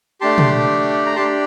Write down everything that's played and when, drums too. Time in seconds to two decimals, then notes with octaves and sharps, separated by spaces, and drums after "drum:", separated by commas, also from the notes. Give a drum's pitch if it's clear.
0.21 A3 D4 G4 A5 C6
0.38 drum: tom
1.06 A#5
1.16 D4 G4 A5 C6